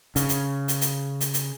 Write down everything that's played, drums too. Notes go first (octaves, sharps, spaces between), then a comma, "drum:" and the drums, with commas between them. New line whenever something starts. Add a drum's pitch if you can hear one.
C#3, drum: hi-hat
drum: hi-hat
drum: hi-hat
drum: hi-hat
drum: hi-hat
drum: hi-hat